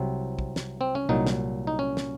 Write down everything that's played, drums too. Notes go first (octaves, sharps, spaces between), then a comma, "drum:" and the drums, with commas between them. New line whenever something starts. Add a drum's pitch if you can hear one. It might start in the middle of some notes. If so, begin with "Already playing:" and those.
Already playing: C2 C3 F#3 C4
drum: kick
drum: snare
C4
C#4
C2 A#2 F#3 D#4
drum: snare
D#4
C#4
drum: snare